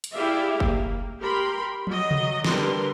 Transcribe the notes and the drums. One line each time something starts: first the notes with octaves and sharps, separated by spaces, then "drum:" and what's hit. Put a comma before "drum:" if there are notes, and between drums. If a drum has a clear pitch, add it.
drum: hi-hat
E4 G4 G#4 D5 E5 F5
A#3, drum: kick F#1
G4 A#4 B5 C6
F#3 D#5, drum: tom F3
drum: tom C3
D3 G3 A#4 B4 C6, drum: snare